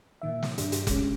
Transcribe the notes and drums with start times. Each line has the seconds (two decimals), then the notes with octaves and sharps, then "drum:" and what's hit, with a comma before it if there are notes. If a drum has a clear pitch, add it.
0.22 A#2 D#3 E5
0.43 drum: snare
0.58 G2 D4, drum: hi-hat
0.72 drum: hi-hat
0.87 G#3 C#4, drum: kick F1, hi-hat